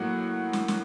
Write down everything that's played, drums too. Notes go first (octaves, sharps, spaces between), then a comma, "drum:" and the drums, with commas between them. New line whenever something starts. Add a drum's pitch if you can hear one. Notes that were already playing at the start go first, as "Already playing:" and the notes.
Already playing: A2 F#3 A#3 F#5
drum: snare
drum: snare